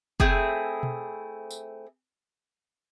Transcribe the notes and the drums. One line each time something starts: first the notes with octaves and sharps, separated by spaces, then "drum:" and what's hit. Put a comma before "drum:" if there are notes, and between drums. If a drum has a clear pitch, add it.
A3 C4 E4 G#4, drum: kick
drum: tom B2
drum: tambourine